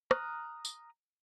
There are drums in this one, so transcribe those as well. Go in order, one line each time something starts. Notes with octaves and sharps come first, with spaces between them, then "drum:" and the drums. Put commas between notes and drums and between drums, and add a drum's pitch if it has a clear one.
A#5 D#6 F6 F#6, drum: rim click
drum: tambourine